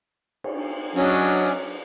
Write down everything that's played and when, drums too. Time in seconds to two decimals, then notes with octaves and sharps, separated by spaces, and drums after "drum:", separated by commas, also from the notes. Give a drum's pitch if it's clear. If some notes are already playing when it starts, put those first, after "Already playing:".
0.44 drum: cymbal
0.96 F#3 C#4 D4 D#5, drum: open hi-hat
1.46 drum: hi-hat